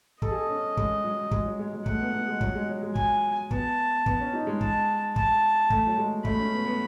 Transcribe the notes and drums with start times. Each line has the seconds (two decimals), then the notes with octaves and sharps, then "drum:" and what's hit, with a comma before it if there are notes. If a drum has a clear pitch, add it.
0.22 A4 D#5, drum: kick
0.31 G#4
0.35 A4
0.49 C#4
0.77 G#3, drum: kick
1.04 F#3
1.32 G#3, drum: kick
1.45 F#3
1.59 G#3
1.73 G#3
1.86 A3 F#5, drum: kick
2.00 B3
2.14 B3
2.28 G#3
2.41 F#3, drum: kick
2.55 G#3
2.69 F#3
2.82 G#3
2.96 G#5, drum: kick
3.51 B3 A5, drum: kick
4.06 B3, drum: kick
4.20 C#4
4.33 D#4
4.47 G#3
4.61 A5, drum: kick
5.16 A5, drum: kick
5.70 A3, drum: kick
5.87 F#3
5.98 G#3
6.25 A3 B5, drum: kick
6.39 C#4
6.53 B3
6.66 B3